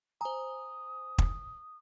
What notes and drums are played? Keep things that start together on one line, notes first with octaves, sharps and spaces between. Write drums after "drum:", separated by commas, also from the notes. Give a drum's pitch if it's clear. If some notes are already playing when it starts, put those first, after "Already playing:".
C5 G#5 A#5 D#6
drum: kick